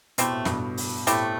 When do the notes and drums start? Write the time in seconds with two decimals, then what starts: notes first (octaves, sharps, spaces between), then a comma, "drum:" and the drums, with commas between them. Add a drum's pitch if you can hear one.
0.18 B2 A3 C4 E4 G4, drum: hi-hat
0.32 A2
0.45 G2 B2, drum: snare
0.77 drum: open hi-hat
1.07 A2 A3 C4 E4 G4, drum: hi-hat